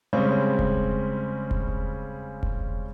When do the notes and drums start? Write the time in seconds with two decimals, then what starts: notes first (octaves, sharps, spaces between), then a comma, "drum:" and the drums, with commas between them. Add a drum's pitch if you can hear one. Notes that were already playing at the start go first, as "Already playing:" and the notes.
0.13 C#3 G3 G#3 C4 C#4
0.59 drum: kick E1
1.51 drum: kick E1
2.43 drum: kick E1